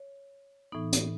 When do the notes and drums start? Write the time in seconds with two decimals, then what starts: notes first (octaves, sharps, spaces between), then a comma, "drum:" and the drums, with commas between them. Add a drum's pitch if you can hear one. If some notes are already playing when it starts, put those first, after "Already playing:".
Already playing: C#5
0.72 A2 E3 B3 D#4
0.93 drum: hi-hat